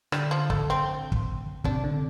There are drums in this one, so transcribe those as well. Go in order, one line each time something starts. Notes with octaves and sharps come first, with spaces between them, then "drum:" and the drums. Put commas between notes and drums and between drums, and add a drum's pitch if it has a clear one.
D3 G3, drum: rim click
F3
A3, drum: kick
C4
drum: kick
C3 D4, drum: kick
D3